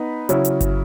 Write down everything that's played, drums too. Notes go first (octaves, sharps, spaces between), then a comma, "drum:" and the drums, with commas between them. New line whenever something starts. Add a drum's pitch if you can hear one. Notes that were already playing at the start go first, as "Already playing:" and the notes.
Already playing: B3 D#4 B4
C#3 F#3 C#4 E4, drum: hi-hat
drum: hi-hat
drum: kick G1, hi-hat